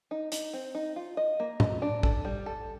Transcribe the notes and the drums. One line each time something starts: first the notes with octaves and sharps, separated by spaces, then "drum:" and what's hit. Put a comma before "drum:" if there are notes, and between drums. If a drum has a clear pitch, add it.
D#4
D#4, drum: hi-hat
C4
D#4
F4
D#5
A#3
D#5, drum: tom A2
D4
A4, drum: kick A1
G3
A4